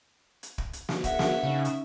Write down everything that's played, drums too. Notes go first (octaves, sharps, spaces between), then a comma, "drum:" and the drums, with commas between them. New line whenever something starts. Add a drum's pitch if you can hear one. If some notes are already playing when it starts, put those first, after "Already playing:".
drum: hi-hat
drum: kick
drum: hi-hat
drum: snare
D4 G#4 A#4 E5 F#5, drum: kick, hi-hat
drum: snare
C#3 C#4 D#4
drum: hi-hat